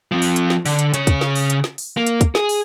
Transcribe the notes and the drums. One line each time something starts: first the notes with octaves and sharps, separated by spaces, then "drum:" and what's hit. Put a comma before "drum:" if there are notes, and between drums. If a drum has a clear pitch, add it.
F3 C4
drum: open hi-hat
drum: hi-hat
drum: snare
D3, drum: open hi-hat
drum: hi-hat
C#3 C#5, drum: hi-hat
drum: kick, hi-hat
drum: snare
drum: open hi-hat
drum: hi-hat
drum: snare
drum: open hi-hat
A#3
drum: hi-hat
drum: kick, hi-hat
G#4, drum: snare
drum: open hi-hat